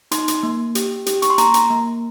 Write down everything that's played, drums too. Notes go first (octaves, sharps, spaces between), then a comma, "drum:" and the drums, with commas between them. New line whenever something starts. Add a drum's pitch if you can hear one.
D#4 C6, drum: hi-hat
drum: hi-hat
A#3
G4, drum: hi-hat
G4, drum: hi-hat
C#6, drum: hi-hat
C6
A#3 A#5, drum: hi-hat
drum: hi-hat
A#3